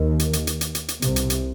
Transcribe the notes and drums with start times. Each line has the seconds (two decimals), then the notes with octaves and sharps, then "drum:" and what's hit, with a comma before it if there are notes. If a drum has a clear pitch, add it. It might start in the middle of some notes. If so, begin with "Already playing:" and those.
Already playing: D#2 D#3
0.20 drum: hi-hat
0.33 drum: hi-hat
0.47 drum: hi-hat
0.61 drum: hi-hat
0.75 drum: hi-hat
0.88 drum: hi-hat
1.02 C2 C3, drum: hi-hat
1.16 drum: hi-hat
1.30 drum: hi-hat